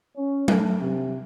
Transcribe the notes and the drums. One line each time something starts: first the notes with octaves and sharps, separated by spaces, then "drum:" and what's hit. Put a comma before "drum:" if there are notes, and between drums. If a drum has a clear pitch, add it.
C#4
A3, drum: tom F#3
C3